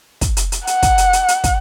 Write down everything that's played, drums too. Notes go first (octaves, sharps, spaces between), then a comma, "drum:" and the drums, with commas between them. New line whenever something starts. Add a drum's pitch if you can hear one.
drum: kick, hi-hat
drum: hi-hat
drum: hi-hat
F#5, drum: hi-hat
drum: kick, hi-hat
drum: hi-hat
drum: hi-hat
drum: hi-hat
drum: kick, hi-hat